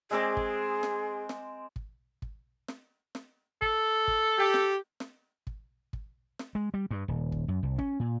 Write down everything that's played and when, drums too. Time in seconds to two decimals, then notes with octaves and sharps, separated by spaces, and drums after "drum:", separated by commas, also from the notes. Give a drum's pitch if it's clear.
0.11 G#3 C4 G#4 D6
0.37 drum: kick
0.83 drum: snare
1.29 drum: snare
1.76 drum: kick
2.22 drum: kick
2.68 drum: snare
3.15 drum: snare
3.62 A4, drum: kick
4.08 drum: kick
4.38 G4
4.54 drum: snare
5.00 drum: snare
5.47 drum: kick
5.93 drum: kick
6.39 drum: snare
6.55 G#3
6.74 G3
6.91 G2
7.08 D#1
7.32 drum: kick
7.48 F#2
7.63 C2
7.79 C#4, drum: kick
8.00 A#2